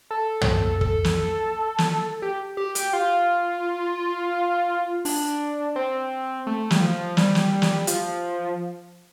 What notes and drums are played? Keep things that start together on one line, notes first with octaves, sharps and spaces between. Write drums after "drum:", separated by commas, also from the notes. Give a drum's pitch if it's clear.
A4
drum: tom
A4, drum: kick
drum: snare
drum: snare
G4
G4
G4, drum: hi-hat
F4
D4, drum: open hi-hat
C4
A3
G3, drum: snare
F3
G3, drum: snare
drum: snare
drum: snare
F3, drum: hi-hat